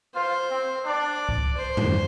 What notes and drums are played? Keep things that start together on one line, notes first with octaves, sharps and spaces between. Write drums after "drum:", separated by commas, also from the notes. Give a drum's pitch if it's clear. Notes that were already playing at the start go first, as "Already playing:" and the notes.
F4 C5
C4
D4 D5
drum: kick C2
C5
drum: tom F2